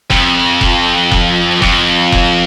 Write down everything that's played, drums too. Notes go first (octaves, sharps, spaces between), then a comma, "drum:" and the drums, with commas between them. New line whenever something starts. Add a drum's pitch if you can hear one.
F2, drum: kick F1
drum: kick F1
drum: kick F1
F2, drum: kick F1
drum: kick F1